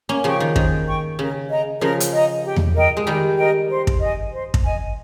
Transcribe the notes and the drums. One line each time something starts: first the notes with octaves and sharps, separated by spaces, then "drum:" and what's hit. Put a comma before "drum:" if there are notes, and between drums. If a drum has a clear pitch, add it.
A#3 C#4
C#3 F3 G5 C#6
D#3
D#3 C5, drum: kick
G5 C#6
C#3 A#4
D#5 A#5
C#3 F3 A#4
drum: hi-hat
D#5 A#5
G4
drum: tom E2
A#4 D#5 G5
G#3
D#3 G3 G4
A#4 D#5 G5
C5
drum: kick
D#5 G#5
C5
drum: kick
D#5 G#5